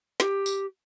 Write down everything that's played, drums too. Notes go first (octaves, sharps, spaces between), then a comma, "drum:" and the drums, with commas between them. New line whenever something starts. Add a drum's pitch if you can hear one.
G4, drum: snare
drum: tambourine